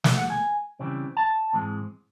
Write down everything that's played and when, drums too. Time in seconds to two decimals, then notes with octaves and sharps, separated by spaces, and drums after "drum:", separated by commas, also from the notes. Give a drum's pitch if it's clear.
0.04 C2 A#2 F3 G#3 B3 E5, drum: snare
0.18 F#5
0.30 G#5
0.79 C#3 E3 G3 C4
1.17 A5
1.53 G#2 E3 G#3 C4